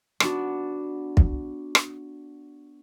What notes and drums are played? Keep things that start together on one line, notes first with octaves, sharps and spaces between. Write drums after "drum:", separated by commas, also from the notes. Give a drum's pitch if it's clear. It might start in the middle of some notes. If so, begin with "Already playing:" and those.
B3 D4 F#4, drum: rim click
drum: kick
drum: rim click